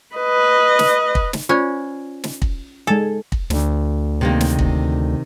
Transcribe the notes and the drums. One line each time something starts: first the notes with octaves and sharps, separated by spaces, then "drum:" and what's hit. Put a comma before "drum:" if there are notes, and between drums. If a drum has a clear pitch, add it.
B4 D#5
drum: snare
drum: kick
drum: snare
C#4 F4 C5 D5
drum: snare
drum: kick
G#3 A4 G#5
drum: kick
D2, drum: snare
C3 D#3 A#3
drum: snare
drum: kick